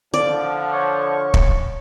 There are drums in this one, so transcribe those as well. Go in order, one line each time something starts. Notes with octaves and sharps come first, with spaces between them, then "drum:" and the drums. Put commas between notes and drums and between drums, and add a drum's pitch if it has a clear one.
D3 F3 D5
C#5 C#6
drum: kick